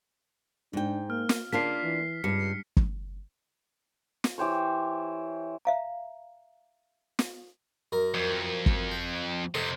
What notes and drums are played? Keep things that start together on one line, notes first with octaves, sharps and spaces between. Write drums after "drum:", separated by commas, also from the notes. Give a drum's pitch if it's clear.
G#2 D4 G5
A#3 F6
drum: snare
C#3 A#3 D4 F4 B6 C7
E3
C#2 G2 C#7
drum: kick
drum: snare
E3 G4 C5 C#5
E5 F5 A#5
drum: snare
F#2 A#4 A#5
F2
drum: kick
G5
F2 C3 A4 D#5